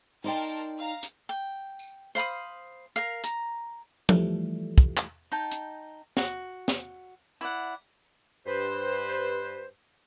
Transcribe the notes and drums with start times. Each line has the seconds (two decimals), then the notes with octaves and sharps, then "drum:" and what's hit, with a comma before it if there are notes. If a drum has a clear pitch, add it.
0.24 D#4 A#4 D5 G5 A5 C6
0.78 F5 A#5
1.03 drum: hi-hat
1.29 G5
1.79 drum: tambourine
2.15 C5 F5 B5 D#6
2.96 A#4 F5
3.24 A#5, drum: hi-hat
4.09 E3 F3 G3 A3, drum: tom
4.78 drum: kick
4.97 drum: clap
5.32 D#4 G5 A5
5.52 drum: hi-hat
6.17 F#4, drum: snare
6.68 drum: snare
7.41 E4 D5 F#5
8.46 G2 B4 C5